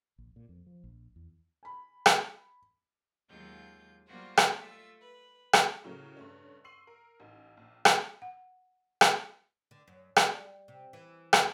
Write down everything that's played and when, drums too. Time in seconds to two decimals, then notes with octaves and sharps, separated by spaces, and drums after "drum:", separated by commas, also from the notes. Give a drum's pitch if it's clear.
0.18 A#1
0.36 A#2
0.49 F2
0.66 F3
0.84 A#1
1.16 E2
1.63 G#5 B5
2.06 drum: rim click
3.29 D#2 F#3 G#3 F4 G6
4.08 F#3 G3 A#3 F4 F#4 C5
4.37 drum: rim click
4.56 A3 F4 E5
5.00 B4
5.53 drum: rim click
5.84 A2 C#3 F#3 A3 A#3 C#4
6.17 G2 A3 C#4
6.64 C6 C#6 E6 C7 D#7 F#7
6.87 A#4
7.20 A1 D#4
7.57 A#1
7.85 drum: rim click
8.22 F#5
9.01 drum: rim click
9.71 D3
9.88 F#2
10.16 G3, drum: rim click
10.68 C3
10.93 E3
11.33 F2, drum: rim click